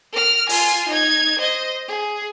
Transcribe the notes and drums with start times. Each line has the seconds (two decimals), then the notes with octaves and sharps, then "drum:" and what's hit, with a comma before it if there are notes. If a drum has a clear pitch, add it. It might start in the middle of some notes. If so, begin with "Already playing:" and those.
0.12 A#4 F6
0.49 F4 G#5, drum: open hi-hat
0.89 D#4 G#6
1.38 C5 D#5
1.88 G#4